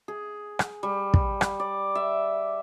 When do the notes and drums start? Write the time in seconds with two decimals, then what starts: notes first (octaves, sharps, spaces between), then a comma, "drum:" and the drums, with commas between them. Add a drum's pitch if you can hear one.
0.08 G#4
0.59 drum: rim click
0.83 G3
1.14 drum: kick
1.41 drum: rim click
1.60 D5
1.95 E5